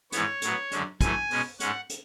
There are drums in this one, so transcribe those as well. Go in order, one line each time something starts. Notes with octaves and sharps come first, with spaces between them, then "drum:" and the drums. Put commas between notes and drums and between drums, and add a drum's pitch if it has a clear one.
G#2 E3 B3 C#5, drum: hi-hat
A2 F#3 B3, drum: hi-hat
F#2 D3 G#3 C#4, drum: hi-hat
F#2 E3 A3 G#5, drum: kick, hi-hat
B2 G#3 C#4, drum: open hi-hat
G#2 G#3 C#4 F#5, drum: hi-hat
drum: hi-hat